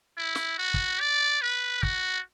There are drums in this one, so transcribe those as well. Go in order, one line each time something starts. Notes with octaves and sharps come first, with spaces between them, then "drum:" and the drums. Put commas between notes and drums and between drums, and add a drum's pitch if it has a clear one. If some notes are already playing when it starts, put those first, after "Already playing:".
E4
drum: snare
F#4
drum: kick
D5
B4
F#4, drum: kick